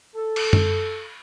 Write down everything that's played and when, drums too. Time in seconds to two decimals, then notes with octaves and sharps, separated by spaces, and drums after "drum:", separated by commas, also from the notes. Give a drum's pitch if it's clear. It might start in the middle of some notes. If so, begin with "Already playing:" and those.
0.16 A4
0.36 drum: cymbal
0.53 drum: tom F#2